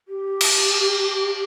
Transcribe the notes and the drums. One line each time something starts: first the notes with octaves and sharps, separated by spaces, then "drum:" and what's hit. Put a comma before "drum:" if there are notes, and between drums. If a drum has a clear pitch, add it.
G4
drum: cymbal